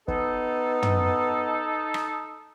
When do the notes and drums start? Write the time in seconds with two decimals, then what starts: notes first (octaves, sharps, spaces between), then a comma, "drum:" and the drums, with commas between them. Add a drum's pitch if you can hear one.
0.08 B3 D#4 A4, drum: kick
0.83 drum: tom
1.94 drum: rim click